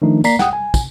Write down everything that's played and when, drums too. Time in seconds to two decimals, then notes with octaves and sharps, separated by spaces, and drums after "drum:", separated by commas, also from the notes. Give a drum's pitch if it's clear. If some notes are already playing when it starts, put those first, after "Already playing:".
0.02 D#3 F3 A3 D4 D#4
0.24 A#3 D5 A#5 B6 C7, drum: tambourine
0.39 F#5 G5 D#6, drum: snare
0.53 G#5
0.74 drum: kick, tambourine